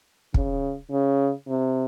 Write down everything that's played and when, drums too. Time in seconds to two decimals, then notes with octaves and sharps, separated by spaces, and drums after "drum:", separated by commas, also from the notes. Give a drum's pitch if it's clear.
0.34 C#3, drum: kick
0.91 C#3
1.48 C3